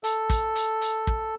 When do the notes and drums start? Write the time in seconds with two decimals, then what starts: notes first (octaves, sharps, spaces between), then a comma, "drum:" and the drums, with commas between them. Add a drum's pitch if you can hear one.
0.04 A4, drum: hi-hat
0.30 drum: kick, hi-hat
0.55 drum: hi-hat
0.81 drum: hi-hat
1.07 drum: kick